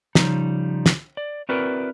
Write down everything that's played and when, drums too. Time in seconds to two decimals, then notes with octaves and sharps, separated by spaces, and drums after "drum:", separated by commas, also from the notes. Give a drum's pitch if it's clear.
0.15 C#3 F3 G3 A#3 D4 D#4, drum: snare
0.86 drum: snare
1.17 D5
1.49 C4 E4 F#4 A#4 B4 D5